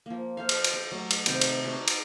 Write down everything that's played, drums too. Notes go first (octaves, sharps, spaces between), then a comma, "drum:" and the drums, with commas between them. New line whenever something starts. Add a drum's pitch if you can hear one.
F3 A#3
A4 C5 F5
drum: cymbal
drum: cymbal
G4
F#3 A3
drum: cymbal
C3 D#3 B3 C5, drum: cymbal
drum: cymbal
D4 D#4 F#4 G#4
drum: cymbal